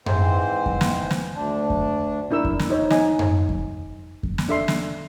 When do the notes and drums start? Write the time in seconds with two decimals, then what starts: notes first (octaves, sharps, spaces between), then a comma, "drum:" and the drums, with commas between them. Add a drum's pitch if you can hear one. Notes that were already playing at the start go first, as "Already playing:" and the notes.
0.06 G#2 E3 C4 C5, drum: tom F#2
0.66 drum: kick F2
0.81 drum: snare
1.11 drum: snare
1.36 D2 D4
1.70 drum: kick F2
2.31 D4 E4 A#4 E6
2.45 drum: kick F2
2.59 drum: snare
2.70 D#4 C5 C#5
2.90 D#4 D#5 G#5, drum: snare
3.19 drum: tom F#2
3.49 drum: kick F2
4.23 drum: kick F2
4.38 drum: snare
4.48 D4 A4 E5 C6
4.68 drum: snare